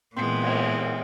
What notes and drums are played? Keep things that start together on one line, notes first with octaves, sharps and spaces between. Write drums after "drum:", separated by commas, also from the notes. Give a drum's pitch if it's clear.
A#2 E3 G#3 B3 C4
drum: cymbal